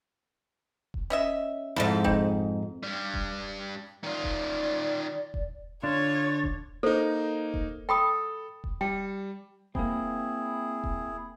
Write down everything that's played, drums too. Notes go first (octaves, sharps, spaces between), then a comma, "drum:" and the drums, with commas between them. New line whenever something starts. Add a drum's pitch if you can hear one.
drum: kick E1
C#4 D#5 E5
F2 G#2 E4 A4
C4 D#4, drum: kick E1
G2 G3
drum: kick E1
D#3 F4 D5
drum: kick E1
drum: kick E1
D3 D4 F4 C#5 A6
drum: kick E1
A#3 D#4 A4 C5
drum: kick E1
A4 G5 B5 D#6
drum: kick E1
G3 G5
A#3 C4 E4 G#4, drum: kick E1
drum: kick E1